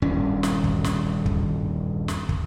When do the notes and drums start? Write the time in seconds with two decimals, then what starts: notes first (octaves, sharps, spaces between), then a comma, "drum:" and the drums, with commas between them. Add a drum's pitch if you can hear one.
0.02 D#1 G2 C#4
0.43 drum: snare
0.64 drum: kick
0.84 drum: snare
1.26 drum: kick
2.08 drum: snare
2.29 drum: kick